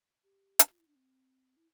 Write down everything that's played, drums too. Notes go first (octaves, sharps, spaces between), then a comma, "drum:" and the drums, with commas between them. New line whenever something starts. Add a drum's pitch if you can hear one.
G4
drum: hi-hat
F4
E4
D4
C4
E4